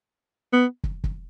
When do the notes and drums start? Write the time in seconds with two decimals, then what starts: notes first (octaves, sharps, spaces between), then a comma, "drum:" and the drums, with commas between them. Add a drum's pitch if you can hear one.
0.53 B3
0.84 drum: kick
1.04 drum: kick